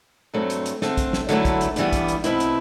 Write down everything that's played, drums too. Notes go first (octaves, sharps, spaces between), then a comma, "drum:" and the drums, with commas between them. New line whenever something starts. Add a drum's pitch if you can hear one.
G2 F#3 A3 C4
drum: hi-hat
drum: hi-hat
D3 A3 C4, drum: snare
drum: kick, hi-hat
drum: snare
D3 F#3 A3 E4 B4, drum: hi-hat
drum: kick, hi-hat
drum: hi-hat
G2 E3 G3 B3, drum: hi-hat
drum: kick, hi-hat
drum: hi-hat
B2 A3 C4 E4 B4, drum: hi-hat
drum: hi-hat